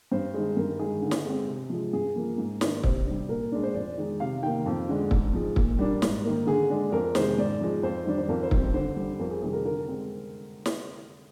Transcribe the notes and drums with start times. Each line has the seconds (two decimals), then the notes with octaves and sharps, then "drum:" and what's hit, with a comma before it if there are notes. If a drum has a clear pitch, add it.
0.12 G2 C5
0.34 D#3 G#3
0.57 G2 A#4
0.79 D#3 G#3 G#4
1.02 D3
1.11 drum: snare
1.25 G#3 C4
1.48 C3
1.70 F3 G#3
1.93 G2 G#4
2.16 F3 A#3
2.38 G#2
2.61 D#3 A#3 D4, drum: snare
2.84 C3 C5, drum: kick
3.07 G3 D4
3.29 A#2 A#4
3.52 G#3 D4
3.63 C5
3.74 F2 D5
3.98 D#3 G#3
4.20 C3 F5
4.43 D#3 A#3 G5
4.66 F2
4.89 D3 G#3 D4
5.11 G#2, drum: kick
5.33 F3 G#3
5.56 A#2, drum: kick
5.79 G3 A#3 D4
6.02 G#2, drum: snare
6.24 D#3 A#3
6.46 D3 G#4
6.70 G#3 D4
6.92 F2 A#4
7.15 C3 D#3 G#3 C5, drum: snare
7.38 G#2 D5
7.61 F3 G#3
7.83 F2 C5
8.06 D#3 G3 D4
8.18 C5
8.29 F2 A#4
8.43 C5
8.51 D#3 G3 C4, drum: kick
8.74 D3 C5
8.96 G3
9.01 D4
9.19 F2 A#4
9.31 G#4
9.42 C3 D#3 G3 G#4
9.53 A#4
9.65 D3 A#4
9.88 G#3 C4
10.66 drum: snare